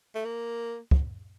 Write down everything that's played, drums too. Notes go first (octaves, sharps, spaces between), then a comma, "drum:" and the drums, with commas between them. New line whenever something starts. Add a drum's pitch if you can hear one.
A3
A#3
drum: kick